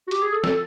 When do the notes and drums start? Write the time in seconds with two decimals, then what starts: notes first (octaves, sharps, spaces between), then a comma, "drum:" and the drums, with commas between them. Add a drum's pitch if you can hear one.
0.08 F#4
0.11 G4, drum: hi-hat
0.22 G#4
0.33 A4
0.44 A4, drum: snare